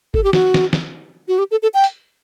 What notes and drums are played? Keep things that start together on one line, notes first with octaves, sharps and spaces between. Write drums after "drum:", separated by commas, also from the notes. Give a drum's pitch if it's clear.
A4, drum: kick G#1
G4
F#4, drum: snare
drum: snare
drum: snare
F#4
G4
A4
A4
G5
drum: hi-hat